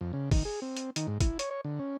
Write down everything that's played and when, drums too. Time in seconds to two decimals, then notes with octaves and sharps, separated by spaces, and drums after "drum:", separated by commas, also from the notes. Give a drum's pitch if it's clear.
0.01 F2
0.13 C#3
0.31 D#3, drum: kick, open hi-hat
0.45 G#4
0.62 C4
0.77 drum: hi-hat
0.96 D#3, drum: hi-hat
1.07 G#2
1.20 E4, drum: kick, hi-hat
1.39 C#5, drum: hi-hat
1.51 C#5
1.64 D3
1.79 C#4